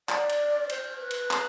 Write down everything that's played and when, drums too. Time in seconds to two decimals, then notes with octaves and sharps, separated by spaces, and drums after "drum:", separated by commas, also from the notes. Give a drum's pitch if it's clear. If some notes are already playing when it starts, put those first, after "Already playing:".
0.09 D5, drum: clap
0.29 drum: cymbal
0.70 C5, drum: cymbal
1.00 B4
1.11 drum: cymbal
1.31 drum: clap